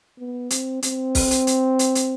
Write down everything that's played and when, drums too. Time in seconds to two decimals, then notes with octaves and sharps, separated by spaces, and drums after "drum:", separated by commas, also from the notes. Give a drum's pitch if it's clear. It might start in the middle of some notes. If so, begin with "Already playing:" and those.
0.18 B3
0.50 C4, drum: hi-hat
0.82 C4, drum: hi-hat
1.15 drum: kick B1, open hi-hat
1.31 drum: hi-hat
1.47 drum: hi-hat
1.79 drum: hi-hat
1.95 drum: hi-hat